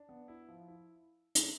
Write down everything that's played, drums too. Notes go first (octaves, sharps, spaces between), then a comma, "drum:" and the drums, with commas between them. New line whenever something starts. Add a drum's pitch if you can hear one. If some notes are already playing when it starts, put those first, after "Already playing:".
Already playing: D4
B3
E4
F3
E4
drum: hi-hat